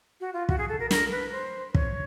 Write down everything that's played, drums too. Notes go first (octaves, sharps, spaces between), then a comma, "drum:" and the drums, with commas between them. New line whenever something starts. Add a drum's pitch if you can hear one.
F#4
F4
F#4, drum: kick
G#4
A4
A#4
A#4, drum: snare
B4
C5
C#5, drum: kick